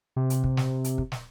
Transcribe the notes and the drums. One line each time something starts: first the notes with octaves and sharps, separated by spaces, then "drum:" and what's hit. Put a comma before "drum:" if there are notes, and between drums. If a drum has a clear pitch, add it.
C3
drum: hi-hat
drum: kick
drum: snare
drum: hi-hat
drum: kick
drum: snare